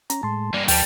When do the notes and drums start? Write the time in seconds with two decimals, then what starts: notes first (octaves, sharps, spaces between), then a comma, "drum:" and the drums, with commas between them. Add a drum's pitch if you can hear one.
0.10 C#4 A#5, drum: hi-hat
0.23 A2 G#3 A5 C6
0.54 G2 A#3 D5 G#5 A#5
0.68 D#2 F3 G3 G5 A5, drum: open hi-hat